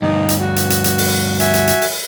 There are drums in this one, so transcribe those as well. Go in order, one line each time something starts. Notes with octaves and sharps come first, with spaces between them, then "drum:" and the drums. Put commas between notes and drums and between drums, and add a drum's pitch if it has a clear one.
D2 G2 D#4
drum: hi-hat
F#4
drum: hi-hat
drum: hi-hat
drum: hi-hat
drum: open hi-hat
F#4 E5 G#5, drum: hi-hat
drum: hi-hat
drum: hi-hat
drum: open hi-hat